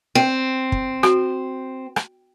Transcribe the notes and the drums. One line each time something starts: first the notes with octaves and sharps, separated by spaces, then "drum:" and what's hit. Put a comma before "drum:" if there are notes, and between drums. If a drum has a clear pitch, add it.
C4 G5
drum: kick
F#4, drum: rim click
drum: rim click